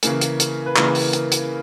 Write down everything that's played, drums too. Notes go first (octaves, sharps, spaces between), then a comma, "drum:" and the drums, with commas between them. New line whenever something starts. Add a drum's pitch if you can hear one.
C#3 E3 A#3 G#4, drum: hi-hat
drum: hi-hat
drum: hi-hat
B4
C#3 E3 A#3 A#4, drum: clap
drum: open hi-hat
drum: hi-hat
drum: hi-hat